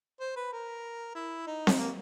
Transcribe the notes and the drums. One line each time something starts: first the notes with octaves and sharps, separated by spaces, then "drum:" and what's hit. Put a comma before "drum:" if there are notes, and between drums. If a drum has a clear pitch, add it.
C5
B4
A#4
E4
D#4
drum: snare C4
A#3